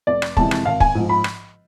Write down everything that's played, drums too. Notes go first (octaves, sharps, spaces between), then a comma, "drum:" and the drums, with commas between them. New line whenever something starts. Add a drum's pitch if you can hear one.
F1 D5
drum: rim click
F2 C3 E3 G#3 A5, drum: kick
drum: rim click
G#1 F5
G#5, drum: kick
G#2 F3
B5
drum: rim click